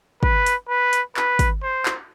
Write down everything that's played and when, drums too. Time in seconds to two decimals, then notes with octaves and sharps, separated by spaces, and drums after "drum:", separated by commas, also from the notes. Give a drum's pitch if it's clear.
0.23 B4, drum: kick
0.46 drum: hi-hat
0.69 B4
0.93 drum: hi-hat
1.17 B4, drum: clap
1.39 drum: kick, hi-hat
1.63 C5
1.86 drum: clap